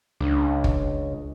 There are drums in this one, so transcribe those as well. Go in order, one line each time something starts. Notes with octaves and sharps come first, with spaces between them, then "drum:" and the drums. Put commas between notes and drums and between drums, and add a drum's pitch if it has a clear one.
C#2 D4
drum: kick